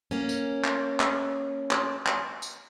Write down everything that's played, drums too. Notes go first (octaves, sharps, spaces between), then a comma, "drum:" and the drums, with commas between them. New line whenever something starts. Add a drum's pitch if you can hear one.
A#3 C#4
drum: tambourine
drum: clap
drum: clap
drum: clap
drum: clap
drum: tambourine